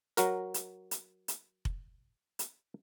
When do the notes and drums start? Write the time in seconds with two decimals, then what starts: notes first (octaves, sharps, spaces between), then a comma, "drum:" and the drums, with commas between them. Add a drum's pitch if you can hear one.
0.17 F#3 F#4 A#4, drum: hi-hat
0.54 drum: hi-hat
0.91 drum: hi-hat
1.28 drum: hi-hat
1.65 drum: kick F1
2.39 drum: hi-hat